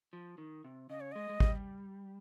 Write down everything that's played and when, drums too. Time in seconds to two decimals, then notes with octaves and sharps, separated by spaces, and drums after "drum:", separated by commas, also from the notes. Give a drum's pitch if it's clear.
0.13 F3
0.38 D#3
0.64 C3
0.90 C#3 D#5
1.01 C#5
1.12 G#3 D#5
1.29 G#3
1.40 G3, drum: kick